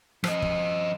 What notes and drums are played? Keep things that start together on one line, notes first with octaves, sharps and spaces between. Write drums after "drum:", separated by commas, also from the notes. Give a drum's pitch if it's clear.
F3 D#5, drum: rim click
drum: kick